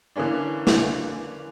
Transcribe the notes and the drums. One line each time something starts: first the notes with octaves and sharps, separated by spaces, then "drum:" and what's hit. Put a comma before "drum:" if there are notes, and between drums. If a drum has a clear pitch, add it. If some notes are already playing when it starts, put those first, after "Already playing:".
D3 E3 A#3 C#4 D4
drum: snare